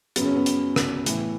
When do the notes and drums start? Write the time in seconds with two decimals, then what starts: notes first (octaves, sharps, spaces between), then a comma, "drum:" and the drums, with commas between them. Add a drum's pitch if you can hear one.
0.16 F#2 C#3 F#3 B3, drum: hi-hat
0.26 C#4
0.36 B3
0.46 drum: hi-hat
0.76 drum: rim click
1.06 A2 E3, drum: hi-hat